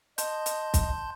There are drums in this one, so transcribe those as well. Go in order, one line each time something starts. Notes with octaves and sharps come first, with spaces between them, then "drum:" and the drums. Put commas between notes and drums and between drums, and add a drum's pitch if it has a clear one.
D#5 A5 C6 G6, drum: hi-hat
drum: hi-hat
drum: kick, hi-hat